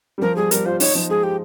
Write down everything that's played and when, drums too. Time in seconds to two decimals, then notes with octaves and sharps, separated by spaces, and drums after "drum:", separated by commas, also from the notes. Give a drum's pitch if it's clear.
0.18 G3
0.22 F3 A#4
0.36 G3 G#4
0.51 G3 A#4, drum: hi-hat
0.66 F4 C5
0.80 D#4 C#5, drum: open hi-hat
0.95 F3
1.09 G#3 G#4
1.23 G4